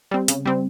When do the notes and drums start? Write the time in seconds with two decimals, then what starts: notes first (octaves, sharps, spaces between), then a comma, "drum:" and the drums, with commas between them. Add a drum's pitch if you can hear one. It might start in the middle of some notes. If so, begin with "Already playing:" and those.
0.11 G3 C4
0.28 C#3, drum: hi-hat
0.46 G3 C4